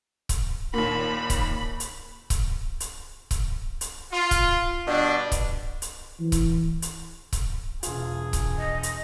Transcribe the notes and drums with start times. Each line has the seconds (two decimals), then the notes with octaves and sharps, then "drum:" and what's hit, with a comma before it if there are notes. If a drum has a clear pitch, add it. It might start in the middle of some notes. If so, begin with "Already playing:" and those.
0.29 drum: kick C#1, hi-hat
0.74 D#2 A#2 B5
1.30 drum: kick C#1, hi-hat
1.80 drum: hi-hat
2.30 drum: kick C#1, hi-hat
2.80 drum: hi-hat
3.31 drum: kick C#1, hi-hat
3.81 drum: hi-hat
4.13 F4
4.31 drum: kick C#1, hi-hat
4.88 G2 B2 D4
5.32 drum: kick C#1, hi-hat
5.82 drum: hi-hat
6.20 E3
6.32 drum: kick C#1, hi-hat
6.82 drum: hi-hat
7.33 drum: kick C#1, hi-hat
7.83 E1 F4 G#4, drum: hi-hat
8.33 drum: kick C#1, hi-hat
8.58 D#5
8.83 drum: hi-hat